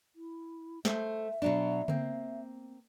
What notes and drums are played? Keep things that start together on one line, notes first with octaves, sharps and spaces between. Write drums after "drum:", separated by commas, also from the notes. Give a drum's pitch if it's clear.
E4
A3 C5 E5, drum: snare
B2 F#3 D4
A#3 C4, drum: tom C#3